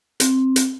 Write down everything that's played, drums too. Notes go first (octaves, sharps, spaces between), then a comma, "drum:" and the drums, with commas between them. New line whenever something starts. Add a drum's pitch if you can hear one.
C4, drum: hi-hat
drum: hi-hat